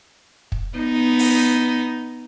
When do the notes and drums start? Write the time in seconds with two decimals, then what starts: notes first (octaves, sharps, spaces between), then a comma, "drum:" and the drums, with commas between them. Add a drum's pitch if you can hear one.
0.52 drum: kick
0.78 B3 D#4
1.19 drum: open hi-hat